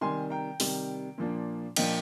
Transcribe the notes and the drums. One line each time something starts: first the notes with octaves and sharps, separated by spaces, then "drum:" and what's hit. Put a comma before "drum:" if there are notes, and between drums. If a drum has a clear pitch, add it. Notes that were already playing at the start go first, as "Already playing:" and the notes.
C3 D#3 G3 G#5 C6
G5 A#5
C3 D#3 G3, drum: open hi-hat
A#2 F3 A#3 D4
A#2 F3 A#3 D4 D#5 G5, drum: cymbal